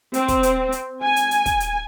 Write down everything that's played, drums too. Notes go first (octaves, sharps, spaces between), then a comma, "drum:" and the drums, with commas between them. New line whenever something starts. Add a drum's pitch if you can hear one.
C4, drum: hi-hat
drum: kick, hi-hat
drum: hi-hat
drum: hi-hat
G#5
drum: hi-hat
drum: hi-hat
drum: kick, hi-hat
drum: hi-hat